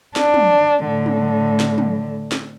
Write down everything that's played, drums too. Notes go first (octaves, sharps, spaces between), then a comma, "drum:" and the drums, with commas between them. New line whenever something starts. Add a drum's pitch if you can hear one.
D4, drum: snare
drum: tom
A2 D3
drum: tom
drum: snare
drum: tom
drum: snare